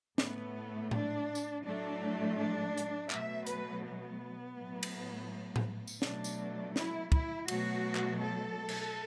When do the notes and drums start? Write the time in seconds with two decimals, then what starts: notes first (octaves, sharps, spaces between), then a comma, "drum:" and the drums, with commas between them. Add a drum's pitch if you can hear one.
0.18 A2 A3 B3, drum: snare
0.91 D4, drum: tom A2
1.35 drum: tambourine
1.64 A2 F#3 A3 D4
2.38 D4
2.77 drum: hi-hat
3.10 B2 F#3 A3 E5, drum: clap
3.47 B4, drum: hi-hat
3.84 B3
4.56 A2 F#3 A3
4.83 drum: cymbal
5.56 drum: tom A2
5.87 drum: tambourine
6.02 B2 F#3 A3 D4, drum: snare
6.24 drum: tambourine
6.76 E4, drum: snare
7.12 E4, drum: kick
7.48 B2 F#3 A3 F#4, drum: cymbal
7.95 drum: clap
8.21 A4
8.69 drum: cymbal